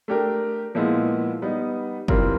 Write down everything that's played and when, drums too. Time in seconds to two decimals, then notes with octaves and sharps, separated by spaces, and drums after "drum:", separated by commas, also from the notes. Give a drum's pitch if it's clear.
0.08 A3 D4 G4 A#4
0.75 A#2 F3 G#3 B3 E4
1.42 G3 B3 D#4
2.08 E3 G3 C4 F4 A#4, drum: kick